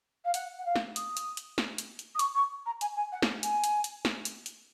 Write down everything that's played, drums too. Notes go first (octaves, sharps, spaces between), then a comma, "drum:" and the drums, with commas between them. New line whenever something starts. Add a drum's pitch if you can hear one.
F5
F#5, drum: hi-hat
F#5
F5
drum: snare
D#6, drum: hi-hat
drum: hi-hat
drum: hi-hat
drum: snare
drum: hi-hat
drum: hi-hat
D#6
C#6, drum: hi-hat
C#6
A#5
G#5, drum: hi-hat
G#5
F#5
drum: snare
G#5, drum: hi-hat
drum: hi-hat
drum: hi-hat
drum: snare
drum: hi-hat
drum: hi-hat